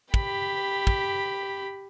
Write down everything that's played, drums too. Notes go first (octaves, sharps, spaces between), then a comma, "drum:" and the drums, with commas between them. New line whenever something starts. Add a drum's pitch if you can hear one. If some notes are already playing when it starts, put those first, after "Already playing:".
G4 B5, drum: kick
drum: kick